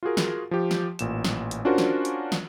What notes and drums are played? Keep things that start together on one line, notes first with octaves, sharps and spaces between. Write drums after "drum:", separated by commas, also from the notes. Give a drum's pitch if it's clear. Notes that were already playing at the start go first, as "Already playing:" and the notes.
F4 F#4 G#4 A#4
drum: snare
F3 G4
drum: snare
A1 A#2 E7, drum: hi-hat
drum: snare
drum: hi-hat
C#4 D4 F4 F#4 A#4 C5
drum: snare
drum: hi-hat
drum: snare